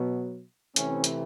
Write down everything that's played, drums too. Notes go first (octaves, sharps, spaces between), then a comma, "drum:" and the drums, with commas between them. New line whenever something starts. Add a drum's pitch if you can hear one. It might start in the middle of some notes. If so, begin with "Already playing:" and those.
Already playing: B2 F#3 B3
C3 E3 A3 C4 C#4, drum: hi-hat
drum: hi-hat